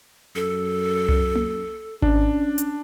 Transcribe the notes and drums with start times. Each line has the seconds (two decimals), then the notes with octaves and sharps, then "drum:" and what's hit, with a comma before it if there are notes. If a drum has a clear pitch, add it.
0.36 F#2 A4
1.09 drum: tom C2
1.35 drum: tom A#3
2.02 C#4 D4, drum: kick G#1
2.58 drum: hi-hat